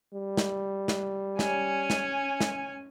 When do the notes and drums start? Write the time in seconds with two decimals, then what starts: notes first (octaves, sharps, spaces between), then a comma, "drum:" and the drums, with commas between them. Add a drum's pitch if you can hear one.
0.14 G3
0.37 drum: snare
0.88 drum: snare
1.39 C#4 G#5, drum: snare
1.90 drum: snare
2.41 drum: snare